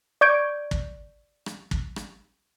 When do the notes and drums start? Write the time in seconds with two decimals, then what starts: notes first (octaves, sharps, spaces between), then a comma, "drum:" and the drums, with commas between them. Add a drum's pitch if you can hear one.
0.21 D5 C#6 G6 G#6 D7
0.71 drum: kick
1.46 drum: rim click
1.71 drum: kick
1.96 drum: rim click